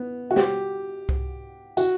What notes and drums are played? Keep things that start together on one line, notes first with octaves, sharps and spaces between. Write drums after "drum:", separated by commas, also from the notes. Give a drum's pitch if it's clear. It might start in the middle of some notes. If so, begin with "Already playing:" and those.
Already playing: B3
F#4
G4, drum: snare
drum: kick C2
F#4, drum: tambourine